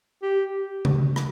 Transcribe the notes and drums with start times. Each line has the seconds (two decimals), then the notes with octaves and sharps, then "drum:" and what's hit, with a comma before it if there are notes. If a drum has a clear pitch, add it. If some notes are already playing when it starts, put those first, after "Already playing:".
0.22 G4
0.85 drum: tom C#3
1.16 drum: rim click